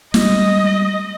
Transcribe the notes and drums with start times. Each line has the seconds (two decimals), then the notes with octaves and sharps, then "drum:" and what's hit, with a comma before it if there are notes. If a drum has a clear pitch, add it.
0.14 G3 G#3 D#5, drum: snare